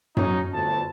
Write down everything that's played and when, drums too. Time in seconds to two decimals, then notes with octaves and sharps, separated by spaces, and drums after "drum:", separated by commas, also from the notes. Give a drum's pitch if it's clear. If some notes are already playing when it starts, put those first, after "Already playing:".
0.17 F#3 C#4 D#4, drum: tom F#2
0.53 G1 D2 A5